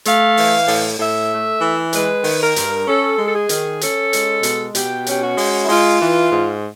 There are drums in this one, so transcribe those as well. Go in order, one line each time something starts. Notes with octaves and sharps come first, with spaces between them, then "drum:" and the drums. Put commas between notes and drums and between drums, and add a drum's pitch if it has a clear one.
A3 F5, drum: hi-hat
E3, drum: open hi-hat
A2, drum: open hi-hat
A2 E5
A3
E3
G#3 B4, drum: hi-hat
D#3, drum: open hi-hat
A#4
G2, drum: hi-hat
C#4 A4
G#3
A4
G#4
D#3, drum: hi-hat
C#4 A4, drum: hi-hat
G#3, drum: hi-hat
B2, drum: hi-hat
B2 G4, drum: hi-hat
C#4 G4, drum: hi-hat
F#4
G#3, drum: open hi-hat
E4
G#3 F4, drum: open hi-hat
E3
G#2